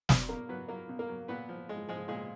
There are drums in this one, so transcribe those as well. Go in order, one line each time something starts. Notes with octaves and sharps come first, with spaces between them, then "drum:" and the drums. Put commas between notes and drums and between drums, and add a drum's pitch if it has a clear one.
F#3 D4, drum: snare
B2 A#3 A#4
F#3 B3 B4
F#3 A#3 A#4
B2
A#3 A#4
F#3
A#2 B3 B4
F3
G#3
F3 G#3 G#4
A#2 G#3 G#4